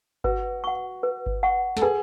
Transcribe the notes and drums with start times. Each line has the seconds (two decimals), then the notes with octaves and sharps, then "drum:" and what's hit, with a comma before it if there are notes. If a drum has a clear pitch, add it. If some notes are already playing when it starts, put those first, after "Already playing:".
0.24 F#4 B4, drum: kick G1
0.64 F#5 C#6
1.03 B4
1.26 drum: kick G1
1.43 F#5 C#6
1.77 A4, drum: snare
1.82 G#4 B4